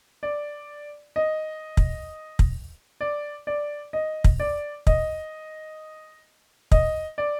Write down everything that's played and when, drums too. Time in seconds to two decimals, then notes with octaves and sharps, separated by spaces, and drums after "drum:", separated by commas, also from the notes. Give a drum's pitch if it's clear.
0.23 D5
1.16 D#5
1.77 drum: kick
2.39 drum: kick
3.01 D5
3.47 D5
3.93 D#5
4.24 drum: kick
4.40 D5
4.87 D#5, drum: kick
6.72 D#5, drum: kick
7.18 D5